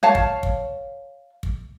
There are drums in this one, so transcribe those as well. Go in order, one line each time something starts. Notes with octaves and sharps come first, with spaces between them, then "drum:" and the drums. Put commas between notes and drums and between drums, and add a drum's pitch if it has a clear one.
C#5 F5 A5
drum: kick
drum: kick
drum: kick